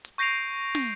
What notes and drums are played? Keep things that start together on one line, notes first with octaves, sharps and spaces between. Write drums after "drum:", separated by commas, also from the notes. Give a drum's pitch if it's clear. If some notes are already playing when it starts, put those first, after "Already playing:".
drum: hi-hat
C#6 G6 A#6 C7 D7 F7
drum: snare